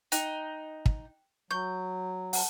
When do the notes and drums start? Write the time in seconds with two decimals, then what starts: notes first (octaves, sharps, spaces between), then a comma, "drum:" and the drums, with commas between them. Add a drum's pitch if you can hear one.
0.12 D#4 G5 F#6, drum: hi-hat
0.86 drum: kick
1.51 F#3 C#6 G6
2.33 F#5 A5, drum: open hi-hat